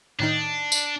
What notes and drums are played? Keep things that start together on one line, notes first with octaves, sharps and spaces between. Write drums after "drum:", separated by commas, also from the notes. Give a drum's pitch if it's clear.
A2 D#3 D4 D#4
drum: tambourine